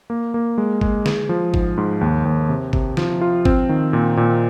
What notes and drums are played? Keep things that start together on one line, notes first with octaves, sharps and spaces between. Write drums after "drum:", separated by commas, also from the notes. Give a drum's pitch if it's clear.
A#3
A#3
G#3
G#3, drum: kick G1
G#4, drum: snare
F3
G#2, drum: kick G1
G#2
D#2
D#2
C3
C3, drum: kick G1
F3, drum: snare
F4
C4, drum: kick G1
D#3
A#2
A#2